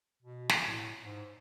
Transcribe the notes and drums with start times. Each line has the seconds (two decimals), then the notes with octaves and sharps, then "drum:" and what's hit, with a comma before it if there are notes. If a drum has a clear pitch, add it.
0.22 B2
0.49 drum: snare
0.63 A2
1.03 G#2